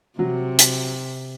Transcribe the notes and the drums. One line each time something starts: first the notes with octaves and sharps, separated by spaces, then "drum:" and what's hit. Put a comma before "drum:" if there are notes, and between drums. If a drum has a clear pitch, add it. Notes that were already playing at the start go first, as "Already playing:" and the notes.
C3 F#3
drum: hi-hat